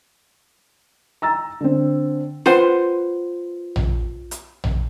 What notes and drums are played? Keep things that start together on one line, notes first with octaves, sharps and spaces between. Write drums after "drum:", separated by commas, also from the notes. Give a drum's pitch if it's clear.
A#5 E6 A6
D3 C4
F4 B4 C5 F#5, drum: snare
drum: tom A#1
drum: hi-hat
drum: tom A#1